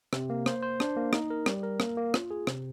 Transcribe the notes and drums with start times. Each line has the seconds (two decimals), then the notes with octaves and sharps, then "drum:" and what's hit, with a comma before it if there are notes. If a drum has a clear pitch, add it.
0.13 C3, drum: rim click
0.30 A#3
0.46 C5, drum: rim click
0.62 C5
0.80 D4, drum: rim click
0.97 A#3
1.13 D#4, drum: rim click
1.30 A#4
1.46 G3, drum: rim click
1.63 A#4
1.80 A#3, drum: rim click
1.97 A#3
2.14 F4, drum: rim click
2.31 G#4
2.47 C3, drum: rim click